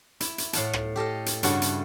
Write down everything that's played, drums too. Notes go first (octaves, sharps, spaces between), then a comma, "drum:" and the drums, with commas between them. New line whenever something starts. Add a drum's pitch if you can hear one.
E4, drum: hi-hat
drum: hi-hat
A2 F5 F#5 A5, drum: hi-hat
drum: rim click
G4 A4 D#5 F5
drum: hi-hat
G2 C#3 E4 F#4 A4 F#5, drum: hi-hat
drum: hi-hat